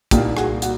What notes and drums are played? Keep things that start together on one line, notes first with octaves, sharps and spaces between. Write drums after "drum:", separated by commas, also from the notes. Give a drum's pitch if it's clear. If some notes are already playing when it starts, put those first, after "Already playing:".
C2 A#2 G3 A#3 D#4 F4 G4, drum: kick, hi-hat
F#4 G#4, drum: rim click
F#4, drum: hi-hat